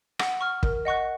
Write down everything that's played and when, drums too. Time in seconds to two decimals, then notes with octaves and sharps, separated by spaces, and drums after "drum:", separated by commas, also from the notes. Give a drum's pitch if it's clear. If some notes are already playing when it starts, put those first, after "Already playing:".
0.19 F#5, drum: rim click
0.41 C#6 F6
0.63 A#4, drum: kick
0.85 D#5 F#5 C#6 F#6